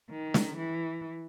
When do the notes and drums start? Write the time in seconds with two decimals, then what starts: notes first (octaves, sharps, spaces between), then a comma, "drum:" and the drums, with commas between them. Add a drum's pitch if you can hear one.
0.11 D#3
0.34 drum: snare
0.57 E3